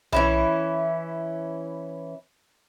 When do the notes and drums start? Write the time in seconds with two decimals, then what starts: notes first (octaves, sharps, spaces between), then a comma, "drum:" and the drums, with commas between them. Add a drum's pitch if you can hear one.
0.13 E3 C#4 E4, drum: tom B1